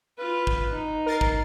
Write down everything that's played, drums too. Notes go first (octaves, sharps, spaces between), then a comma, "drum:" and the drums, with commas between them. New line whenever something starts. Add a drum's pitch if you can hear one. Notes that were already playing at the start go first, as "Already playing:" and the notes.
F4 B4
drum: kick
D#4
A#4 A6 C7
drum: kick